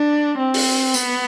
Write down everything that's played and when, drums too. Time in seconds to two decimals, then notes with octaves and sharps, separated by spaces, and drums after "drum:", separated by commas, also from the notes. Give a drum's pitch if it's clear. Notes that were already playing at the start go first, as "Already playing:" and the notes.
Already playing: D4
0.39 C4
0.54 drum: open hi-hat
0.94 B3, drum: tambourine